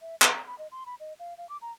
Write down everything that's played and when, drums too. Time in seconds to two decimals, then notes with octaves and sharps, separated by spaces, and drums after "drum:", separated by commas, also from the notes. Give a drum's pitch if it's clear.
0.01 E5
0.22 B4, drum: clap
0.35 A#5
0.47 B5
0.59 D#5
0.72 C6
0.86 B5
1.00 D#5
1.19 F5
1.38 F5
1.49 D6
1.62 A#5